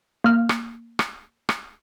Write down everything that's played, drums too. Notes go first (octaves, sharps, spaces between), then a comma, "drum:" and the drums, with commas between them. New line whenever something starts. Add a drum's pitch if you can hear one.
A#3 F6
drum: rim click
drum: rim click
drum: rim click